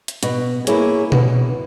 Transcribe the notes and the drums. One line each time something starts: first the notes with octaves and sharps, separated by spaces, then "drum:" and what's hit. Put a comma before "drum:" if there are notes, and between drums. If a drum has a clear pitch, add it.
drum: hi-hat
B2, drum: hi-hat
A#3 E4 G#4 C#5, drum: hi-hat
B2, drum: tom B2